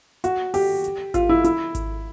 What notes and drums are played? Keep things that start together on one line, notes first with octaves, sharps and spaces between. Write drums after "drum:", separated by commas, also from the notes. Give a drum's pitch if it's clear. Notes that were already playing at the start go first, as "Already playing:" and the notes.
F#4, drum: hi-hat
G4, drum: open hi-hat
drum: hi-hat
F4, drum: kick G#1, hi-hat
E4
E4, drum: hi-hat
drum: kick G#1, hi-hat